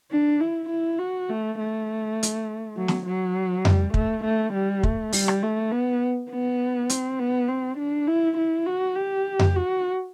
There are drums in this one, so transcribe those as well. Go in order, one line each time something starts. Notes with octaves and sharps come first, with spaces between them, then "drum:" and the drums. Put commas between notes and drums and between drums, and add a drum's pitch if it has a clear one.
D4
E4
E4
F#4
A3
A3
drum: hi-hat
F#3
drum: snare
F#3
G3, drum: tom F2
A3, drum: kick
A3
G3
A3, drum: kick
G3, drum: open hi-hat
drum: rim click
A3
B3
B3
C4, drum: hi-hat
B3
C4
D4
E4
E4
F#4
G4
drum: tom F2
F#4